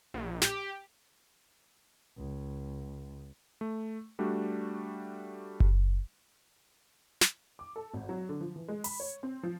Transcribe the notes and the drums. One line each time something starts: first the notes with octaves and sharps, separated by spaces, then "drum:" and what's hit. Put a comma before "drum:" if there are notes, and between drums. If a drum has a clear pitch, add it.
A#1
G4, drum: snare
C#2
A3
G3 A3 D4 F#4
drum: kick F#1
drum: snare
D6
A4
G#1
F#3
D3
F3
E3
G#3
B5, drum: open hi-hat
C#5
C4
F3